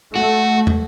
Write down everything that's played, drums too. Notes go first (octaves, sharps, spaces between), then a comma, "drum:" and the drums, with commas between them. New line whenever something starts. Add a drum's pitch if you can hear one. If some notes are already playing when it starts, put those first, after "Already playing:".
A3 F#4
drum: tom